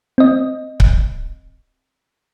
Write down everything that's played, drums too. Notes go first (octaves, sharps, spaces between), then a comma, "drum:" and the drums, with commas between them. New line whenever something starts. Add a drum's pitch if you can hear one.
C4 D#5
drum: kick C#1